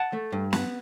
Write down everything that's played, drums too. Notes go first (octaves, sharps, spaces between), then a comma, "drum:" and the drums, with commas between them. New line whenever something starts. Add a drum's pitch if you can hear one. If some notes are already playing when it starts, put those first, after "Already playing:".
Already playing: F#5 A5
A3
G2
B3, drum: snare